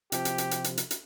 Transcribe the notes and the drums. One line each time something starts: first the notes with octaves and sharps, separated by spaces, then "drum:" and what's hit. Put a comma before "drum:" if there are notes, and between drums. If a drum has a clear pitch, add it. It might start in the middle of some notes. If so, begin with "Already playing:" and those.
C3 F3 G4, drum: hi-hat
drum: hi-hat
drum: hi-hat
drum: hi-hat
drum: hi-hat
drum: hi-hat
drum: hi-hat